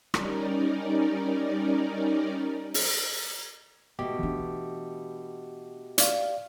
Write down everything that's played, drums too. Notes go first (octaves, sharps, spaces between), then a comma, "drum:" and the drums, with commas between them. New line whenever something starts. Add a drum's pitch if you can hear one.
G3 C#4 D#4 A#4 D5, drum: rim click
drum: open hi-hat
G#2 B2 A3 G4
E3 D4
D5 F5, drum: hi-hat